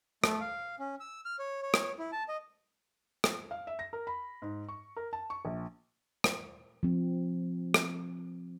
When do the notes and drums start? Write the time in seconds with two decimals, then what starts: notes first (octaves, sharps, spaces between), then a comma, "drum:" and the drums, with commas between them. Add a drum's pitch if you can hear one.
0.24 A3, drum: rim click
0.41 F5
0.79 C#4
1.00 E6
1.25 F6
1.39 C#5
1.62 C#5
1.74 drum: rim click
1.99 E4
2.12 A5
2.28 D#5
3.24 drum: rim click
3.51 F5
3.67 E5
3.79 A#6
3.93 A#4
4.07 B5
4.42 G#2
4.69 C#6
4.96 A#4
5.13 A5
5.30 C#6
5.45 A#1
6.24 drum: rim click
6.83 F3 C4
7.74 drum: rim click